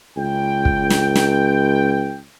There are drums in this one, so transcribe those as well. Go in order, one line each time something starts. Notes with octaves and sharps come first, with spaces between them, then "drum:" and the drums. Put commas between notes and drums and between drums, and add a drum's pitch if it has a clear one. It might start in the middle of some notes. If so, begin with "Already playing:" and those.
C#2 G5
drum: kick
drum: snare
drum: snare